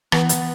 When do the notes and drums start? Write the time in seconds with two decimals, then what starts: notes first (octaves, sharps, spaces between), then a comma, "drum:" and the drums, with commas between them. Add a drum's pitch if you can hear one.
0.12 E3 B3, drum: rim click
0.29 drum: hi-hat